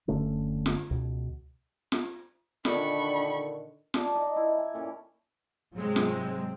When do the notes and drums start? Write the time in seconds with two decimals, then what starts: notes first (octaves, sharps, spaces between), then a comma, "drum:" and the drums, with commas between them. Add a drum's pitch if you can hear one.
0.08 F#1 D3 A3 C#4
0.66 drum: snare
0.91 C#2 B2
1.92 drum: snare
2.65 A#2 D3 D#3 D4 B5 C#6, drum: snare
3.94 D4 A5, drum: snare
4.14 D#4 F4 D#5
4.36 E4
4.58 G#5
4.74 A#2 C#4 A4
5.74 G#2 C3 F#3 G#3 C4
5.96 drum: snare